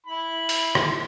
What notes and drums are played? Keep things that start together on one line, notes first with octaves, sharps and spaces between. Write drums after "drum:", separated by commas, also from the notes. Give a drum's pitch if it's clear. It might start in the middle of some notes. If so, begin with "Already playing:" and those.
E4 B5
drum: open hi-hat
drum: rim click